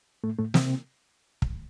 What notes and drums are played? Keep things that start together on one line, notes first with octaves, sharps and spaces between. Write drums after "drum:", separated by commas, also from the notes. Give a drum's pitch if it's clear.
A2 A3
A2 A3
C3 C4, drum: snare
drum: kick